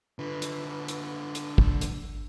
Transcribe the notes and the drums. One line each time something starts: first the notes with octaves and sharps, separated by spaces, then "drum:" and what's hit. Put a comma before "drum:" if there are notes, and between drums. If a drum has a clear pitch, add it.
D3 B4
drum: hi-hat
drum: hi-hat
drum: hi-hat
drum: kick
drum: hi-hat